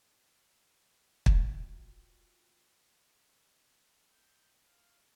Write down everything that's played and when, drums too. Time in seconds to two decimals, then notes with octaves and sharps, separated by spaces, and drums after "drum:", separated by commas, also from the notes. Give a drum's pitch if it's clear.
1.26 F4 F#4 G5 E6, drum: kick
4.12 G6
4.66 F5